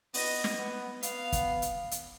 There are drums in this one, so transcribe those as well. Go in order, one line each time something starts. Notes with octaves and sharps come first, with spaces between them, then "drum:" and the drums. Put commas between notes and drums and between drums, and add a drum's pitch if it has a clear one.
B3 D#5, drum: open hi-hat
drum: snare
B3
B3 F5, drum: hi-hat
drum: kick, hi-hat
drum: hi-hat
drum: hi-hat